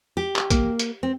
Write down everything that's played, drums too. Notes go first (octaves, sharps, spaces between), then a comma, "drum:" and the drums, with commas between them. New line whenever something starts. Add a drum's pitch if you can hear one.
G4
drum: clap
A#3, drum: kick, hi-hat
drum: hi-hat
C4